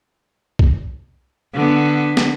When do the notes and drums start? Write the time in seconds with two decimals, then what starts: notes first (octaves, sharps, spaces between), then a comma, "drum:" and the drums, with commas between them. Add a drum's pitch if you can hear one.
0.59 drum: kick B1
1.54 D3 B3
2.17 drum: snare